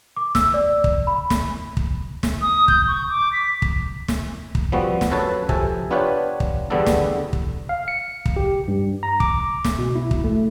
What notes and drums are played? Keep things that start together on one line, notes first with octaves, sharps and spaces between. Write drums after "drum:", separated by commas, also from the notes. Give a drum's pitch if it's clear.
D6
E6, drum: snare
D5
drum: kick
B5
drum: snare
drum: kick
drum: snare
D#6
G6, drum: kick
C#6
D6
B6
drum: kick
drum: snare
drum: kick
F3 G3 B3 C4 F#4
drum: snare
F#2 A4 B4 C#5 A5
F2 C3 A4 G#5, drum: kick
B3 D4 F4 G4 B4 C#5
drum: kick
E2 D3 G3 B3 D4 A4
drum: snare
drum: kick
F5
C#7
drum: kick
G4
G2
A#5
D6, drum: kick
drum: snare
B2
E4
drum: kick
A3